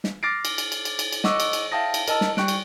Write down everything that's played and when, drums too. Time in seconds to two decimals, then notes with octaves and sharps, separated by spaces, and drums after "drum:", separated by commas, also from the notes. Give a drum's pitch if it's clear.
0.04 drum: snare
0.23 D6 F6 A6 A#6 C7 D7
0.45 drum: cymbal
0.58 drum: cymbal
0.72 drum: cymbal
0.85 drum: cymbal
0.99 drum: cymbal
1.12 drum: cymbal
1.24 D#5 F#5 C#6 D6 E6, drum: snare
1.40 drum: cymbal
1.53 drum: cymbal
1.72 E5 F5 G5 A5 D#6 A#6
1.94 drum: cymbal
2.08 A#4 D#5 A5 E6, drum: cymbal
2.21 drum: snare
2.37 G3 G5 C#6 F#6 D7, drum: snare
2.48 drum: cymbal